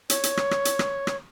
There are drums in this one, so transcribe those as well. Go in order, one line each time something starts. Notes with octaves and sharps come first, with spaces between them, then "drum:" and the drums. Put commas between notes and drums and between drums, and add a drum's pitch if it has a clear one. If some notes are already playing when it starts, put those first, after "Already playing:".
C#5, drum: hi-hat
drum: hi-hat
drum: rim click
drum: rim click
drum: hi-hat
drum: rim click
drum: rim click